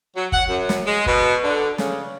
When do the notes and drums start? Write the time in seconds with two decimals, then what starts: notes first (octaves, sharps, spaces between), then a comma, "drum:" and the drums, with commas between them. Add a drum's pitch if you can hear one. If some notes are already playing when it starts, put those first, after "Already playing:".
0.16 F#3
0.32 F#5, drum: kick
0.49 F#2
0.69 drum: snare
0.85 G#3
1.06 B2, drum: kick
1.44 D3
1.78 C#3, drum: snare